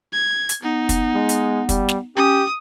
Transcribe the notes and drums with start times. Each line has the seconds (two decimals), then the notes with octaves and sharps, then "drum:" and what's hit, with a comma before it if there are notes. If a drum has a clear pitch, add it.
0.13 G#6
0.49 drum: hi-hat
0.63 B3 D#4
0.89 drum: kick, hi-hat
1.15 G#3
1.29 drum: hi-hat
1.69 G3, drum: kick, hi-hat
1.89 drum: snare
2.17 C#4 G4 D#6